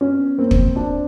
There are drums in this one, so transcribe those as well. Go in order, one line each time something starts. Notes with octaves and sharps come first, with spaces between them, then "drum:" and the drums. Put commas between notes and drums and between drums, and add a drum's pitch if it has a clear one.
B3 C#4
A#3 C4
drum: kick
C4 D4